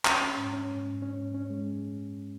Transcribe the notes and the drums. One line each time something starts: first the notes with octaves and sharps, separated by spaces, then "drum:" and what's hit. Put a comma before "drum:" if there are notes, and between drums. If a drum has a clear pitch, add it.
C#4, drum: clap
C#4
G#2
C#4
G#2
G#2
C#4
G#2
C#4
G#3